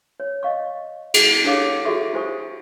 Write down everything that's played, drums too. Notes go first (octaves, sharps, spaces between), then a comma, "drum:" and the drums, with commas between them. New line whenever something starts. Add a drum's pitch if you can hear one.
C#5
D#5 F5 C#6
G#4, drum: cymbal
D4 G4 A4 C#5 F5 D6
E4 F#4 G#4 A4 E5 C#6
E4 G4 C5 G#5 C#6 D#6